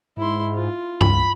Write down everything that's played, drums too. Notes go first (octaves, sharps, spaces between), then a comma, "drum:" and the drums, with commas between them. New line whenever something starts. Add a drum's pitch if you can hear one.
G#2 E4 C6
F4
C#2 B5, drum: tom G2